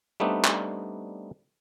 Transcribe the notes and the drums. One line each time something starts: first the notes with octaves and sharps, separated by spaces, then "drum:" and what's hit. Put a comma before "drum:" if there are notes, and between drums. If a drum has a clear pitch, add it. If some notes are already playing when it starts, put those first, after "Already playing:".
G3 A3 B3 C4 D4 D#4
drum: clap